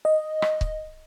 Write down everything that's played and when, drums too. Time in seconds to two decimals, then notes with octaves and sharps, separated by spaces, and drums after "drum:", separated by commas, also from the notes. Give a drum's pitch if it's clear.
0.05 D#5
0.42 drum: rim click
0.61 drum: kick C#1